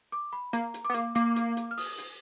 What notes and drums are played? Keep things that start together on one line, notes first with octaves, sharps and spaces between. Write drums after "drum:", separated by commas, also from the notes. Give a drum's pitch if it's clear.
D6
B5
A#3 A#5, drum: hi-hat
drum: hi-hat
D6
B3
A#3, drum: hi-hat
A#3 D6, drum: hi-hat
drum: hi-hat
drum: hi-hat
F6
D#6, drum: open hi-hat
drum: hi-hat